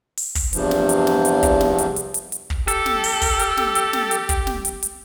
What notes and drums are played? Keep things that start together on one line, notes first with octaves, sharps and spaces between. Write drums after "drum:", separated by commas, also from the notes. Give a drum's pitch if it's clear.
drum: open hi-hat
drum: kick, open hi-hat
E2 G2 C3 F3, drum: hi-hat
drum: snare
drum: hi-hat
drum: snare
drum: hi-hat
drum: kick, hi-hat
drum: snare
drum: hi-hat
drum: hi-hat
drum: hi-hat
drum: hi-hat
drum: kick
G4 A4, drum: hi-hat
drum: snare
drum: open hi-hat
drum: kick, open hi-hat
drum: hi-hat
drum: snare
drum: hi-hat
drum: snare
drum: hi-hat
drum: kick, hi-hat
drum: snare
drum: hi-hat
drum: hi-hat